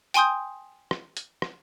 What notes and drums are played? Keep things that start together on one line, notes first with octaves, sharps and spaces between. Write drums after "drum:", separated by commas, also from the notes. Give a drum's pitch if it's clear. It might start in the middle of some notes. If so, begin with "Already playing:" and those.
G5 G#5 C6 D#6 G6, drum: hi-hat
drum: rim click
drum: hi-hat
drum: rim click